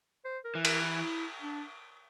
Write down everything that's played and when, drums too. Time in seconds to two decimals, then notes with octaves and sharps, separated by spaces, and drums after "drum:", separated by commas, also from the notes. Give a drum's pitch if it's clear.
0.25 C5
0.44 A#4
0.55 E3
0.65 A#4, drum: cymbal
0.84 E4
1.42 D4